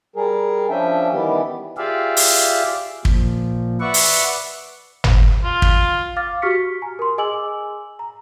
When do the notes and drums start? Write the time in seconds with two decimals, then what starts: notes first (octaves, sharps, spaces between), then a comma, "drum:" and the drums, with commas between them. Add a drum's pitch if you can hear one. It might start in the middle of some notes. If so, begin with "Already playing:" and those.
0.16 G3 G#4 A#4
0.70 F3 C#4 D4 E5 G5
1.12 D#3 E3 G3 B3 G4
1.77 F4 G4 G#4 D5 E5 F5
2.17 drum: open hi-hat
3.05 A#2 F3, drum: kick
3.80 B4 D5 E5 F#5 C#6
3.94 drum: open hi-hat
5.04 drum: tom
5.44 F4
5.62 drum: kick
6.17 F5 D6 F6 A6
6.42 F#4 G4 C#6 F6 B6 C#7
6.82 G#5 A#5
6.99 A#4 C6
7.18 G#4 D#5 G#5 D6 E6 F#7
7.99 A#5